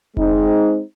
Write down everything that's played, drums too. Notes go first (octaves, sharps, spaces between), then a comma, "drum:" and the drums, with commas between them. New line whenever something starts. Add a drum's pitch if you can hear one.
G#3 C4 D#4, drum: kick F1